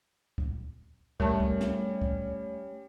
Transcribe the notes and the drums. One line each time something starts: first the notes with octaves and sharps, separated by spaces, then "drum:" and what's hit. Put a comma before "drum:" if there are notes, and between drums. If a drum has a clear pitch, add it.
drum: kick
G3 A3 C#4 A#4 A5, drum: kick
drum: kick
drum: snare
drum: kick